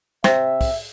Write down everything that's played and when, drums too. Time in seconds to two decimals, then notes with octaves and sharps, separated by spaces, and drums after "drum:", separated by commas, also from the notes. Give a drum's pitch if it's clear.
0.24 C3 E5, drum: snare
0.61 drum: kick, open hi-hat